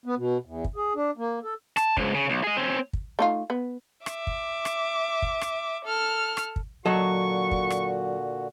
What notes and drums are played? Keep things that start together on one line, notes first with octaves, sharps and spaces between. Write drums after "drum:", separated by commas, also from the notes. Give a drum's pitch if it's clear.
B3
B2
E2
drum: kick
G#4
D4
A#3
A4
A5, drum: rim click
C#2 G#2, drum: kick
C#3
B1
G#4 D#5
C4 C#4
drum: kick
A3 D#4 F4
B3
E5 D6, drum: rim click
drum: kick
drum: rim click
drum: kick
drum: rim click
A4 F6
drum: rim click
drum: kick
A#2 D3 F#3 F#4 A4 D#5 C#6
drum: kick
drum: rim click